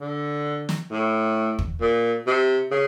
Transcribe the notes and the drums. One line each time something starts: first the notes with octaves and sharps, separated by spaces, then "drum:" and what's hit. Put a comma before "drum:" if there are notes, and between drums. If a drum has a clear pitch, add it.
D3
drum: snare
A2
drum: kick
A#2
C3
C#3